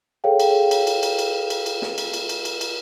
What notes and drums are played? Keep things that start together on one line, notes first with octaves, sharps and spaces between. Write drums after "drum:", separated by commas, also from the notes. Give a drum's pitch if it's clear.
G#4 A4 C#5 F5 G5
drum: cymbal
drum: cymbal
drum: cymbal
drum: cymbal
drum: cymbal
drum: cymbal
drum: cymbal
drum: snare
drum: cymbal
drum: cymbal
drum: cymbal
drum: cymbal
drum: cymbal